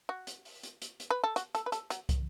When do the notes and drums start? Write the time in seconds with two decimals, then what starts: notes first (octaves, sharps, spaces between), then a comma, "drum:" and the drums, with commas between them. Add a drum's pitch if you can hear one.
0.09 F#4
0.27 drum: hi-hat
0.45 drum: open hi-hat
0.63 drum: hi-hat
0.82 drum: hi-hat
1.00 drum: hi-hat
1.10 B4
1.24 A4
1.36 F#4, drum: hi-hat
1.55 A4, drum: hi-hat
1.66 B4
1.72 A4, drum: hi-hat
1.90 F#3, drum: hi-hat
2.09 drum: kick, hi-hat